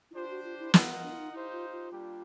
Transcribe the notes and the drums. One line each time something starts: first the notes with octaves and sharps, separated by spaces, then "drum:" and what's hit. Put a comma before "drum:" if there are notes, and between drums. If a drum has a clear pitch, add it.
E4
D4 F4 G4 C5
F#4
F4
E4
E4 F4 A#4 D#5 F#5, drum: snare
D4
E4
D#4
D#4 E4 G4 C5 F5
F4
F4
G3 A#3 D4 G4